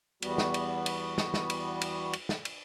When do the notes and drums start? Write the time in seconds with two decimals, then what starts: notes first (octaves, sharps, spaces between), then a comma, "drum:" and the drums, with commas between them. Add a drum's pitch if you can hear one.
0.22 E2 G3 B3 F#4, drum: cymbal
0.38 drum: snare
0.54 drum: cymbal
0.86 drum: cymbal
1.18 drum: snare
1.34 drum: snare
1.50 drum: cymbal
1.81 drum: cymbal
2.13 drum: cymbal
2.29 drum: snare
2.45 drum: cymbal